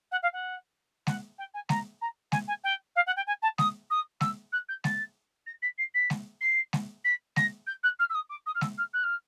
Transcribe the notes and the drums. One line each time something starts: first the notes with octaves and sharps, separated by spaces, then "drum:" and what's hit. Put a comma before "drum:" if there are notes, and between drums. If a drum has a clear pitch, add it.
F#5
F5
F#5
F#5, drum: snare G#3
G5
G#5
A#5, drum: snare G#3
A#5
G#5, drum: snare G#3
G#5
G5
F5
F#5
G5
G#5
A5
D#6, drum: snare G#3
D#6
E6, drum: snare G#3
F#6
G6
A6, drum: snare G#3
A#6
B6
C7
B6
drum: snare G#3
C7
drum: snare G#3
B6
A#6, drum: snare G#3
G6
F#6
F6
E6
D#6
D6
D#6
F6
E6, drum: snare G#3
F6
F#6
F6